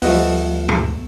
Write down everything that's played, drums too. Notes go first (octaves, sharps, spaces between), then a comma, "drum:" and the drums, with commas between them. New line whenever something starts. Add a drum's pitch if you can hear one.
D2 F3 G3 A3 B3 F4 D#5 F#5, drum: open hi-hat
drum: tom G2